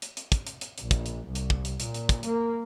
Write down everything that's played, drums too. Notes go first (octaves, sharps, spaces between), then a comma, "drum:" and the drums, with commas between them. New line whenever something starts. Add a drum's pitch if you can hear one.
drum: hi-hat
drum: hi-hat
drum: kick, hi-hat
drum: hi-hat
drum: hi-hat
A#1, drum: hi-hat
drum: kick, hi-hat
drum: hi-hat
C2
drum: hi-hat
drum: kick
drum: hi-hat
A#2, drum: hi-hat
drum: hi-hat
drum: kick, hi-hat
A#3, drum: hi-hat